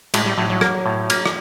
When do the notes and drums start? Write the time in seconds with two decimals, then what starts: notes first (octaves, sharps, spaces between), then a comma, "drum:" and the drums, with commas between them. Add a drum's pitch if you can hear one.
0.14 A2 G#3, drum: cymbal
0.26 G3
0.38 A2 F#3
0.50 F#3
0.61 A#3, drum: rim click
0.86 A2
1.10 A#3, drum: cymbal
1.26 drum: rim click